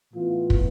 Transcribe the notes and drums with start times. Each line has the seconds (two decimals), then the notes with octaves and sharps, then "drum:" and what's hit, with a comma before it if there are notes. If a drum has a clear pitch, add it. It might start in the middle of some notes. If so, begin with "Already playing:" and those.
0.13 A2 E3 B3 F4
0.50 drum: kick